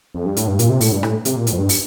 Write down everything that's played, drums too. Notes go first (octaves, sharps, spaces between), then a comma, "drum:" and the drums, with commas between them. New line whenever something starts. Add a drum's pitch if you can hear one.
F2
G2
A2, drum: hi-hat
G2
A#2, drum: hi-hat
C3
A2, drum: open hi-hat
G2
A2, drum: rim click
C3, drum: hi-hat
A#2
A2, drum: hi-hat
F2
G2
drum: open hi-hat